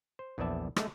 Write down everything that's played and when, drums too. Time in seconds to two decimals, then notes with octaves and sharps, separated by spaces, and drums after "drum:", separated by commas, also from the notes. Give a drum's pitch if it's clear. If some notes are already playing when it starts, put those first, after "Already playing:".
0.19 C5
0.38 A#1 E2 B4 D5 E5 A5
0.76 G#3 A3, drum: rim click